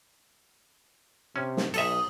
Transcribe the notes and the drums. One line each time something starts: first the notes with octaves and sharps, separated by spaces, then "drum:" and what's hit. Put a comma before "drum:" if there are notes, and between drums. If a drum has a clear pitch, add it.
C3 C#4
drum: snare
B1 A4 D#5 E5 D#6, drum: cymbal